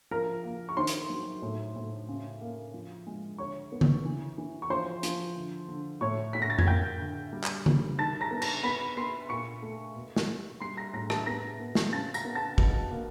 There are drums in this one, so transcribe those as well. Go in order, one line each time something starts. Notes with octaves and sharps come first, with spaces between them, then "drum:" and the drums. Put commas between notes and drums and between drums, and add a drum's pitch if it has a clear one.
F3 A#4 A#5
A#3
C#6
D#3 C5 C6
drum: hi-hat
F#3
A2
A2
C#3
A#3
F3
G#3
D3 C#5 C#6
B3
drum: tom C#3
E3
E3
C#6
F3 C5 C6
F3, drum: hi-hat
D3
D3
A2 C#5 C#6
A2 B6
A#6
A6
G#6, drum: tom F2
A#3 G5 G6
D3
G3
drum: clap
G3, drum: tom C#3
D#3 A5 A6
A#5 A#6
B3
A#5 A#6, drum: cymbal
B3 B5 B6
B3 C6 C7
A#2 C#6 C#7
A3
B2
drum: snare
B2
G3 C6 C7
A#5 A#6
A2 A#5 A#6
A5 A6, drum: rim click
B3 A#5 A#6
B3
drum: snare
C#3 A5 A6
A#5 A#6, drum: tambourine
B3
A5 A6
B2, drum: kick
A#3